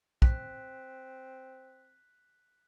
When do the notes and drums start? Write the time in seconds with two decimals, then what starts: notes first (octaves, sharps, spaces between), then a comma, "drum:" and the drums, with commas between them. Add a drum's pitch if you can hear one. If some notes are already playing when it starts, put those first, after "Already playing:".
0.22 C4 F#6 B6, drum: kick